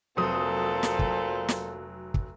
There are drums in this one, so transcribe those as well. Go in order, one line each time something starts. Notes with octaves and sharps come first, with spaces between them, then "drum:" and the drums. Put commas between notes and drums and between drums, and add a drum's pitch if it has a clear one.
F1 A#2 F#3 A4 C5 D#6
drum: snare
drum: kick
drum: snare
drum: kick